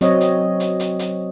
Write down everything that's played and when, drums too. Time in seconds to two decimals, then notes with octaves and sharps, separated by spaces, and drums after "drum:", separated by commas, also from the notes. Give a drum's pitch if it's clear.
0.01 F#3 C4 C#5 D#5, drum: hi-hat
0.21 drum: hi-hat
0.60 drum: hi-hat
0.80 drum: hi-hat
0.99 drum: hi-hat